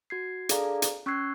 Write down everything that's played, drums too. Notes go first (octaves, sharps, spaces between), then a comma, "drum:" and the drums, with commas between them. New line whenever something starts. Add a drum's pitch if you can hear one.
F#4 G#6 C7
D4 G#4 A4 D5 F5 A#5, drum: hi-hat
drum: hi-hat
C#4 C#6 E6 F#6 G#6 C7